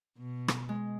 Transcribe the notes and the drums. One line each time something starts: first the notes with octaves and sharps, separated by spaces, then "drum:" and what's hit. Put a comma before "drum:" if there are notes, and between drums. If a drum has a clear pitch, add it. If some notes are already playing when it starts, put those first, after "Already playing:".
B2
drum: rim click
G#3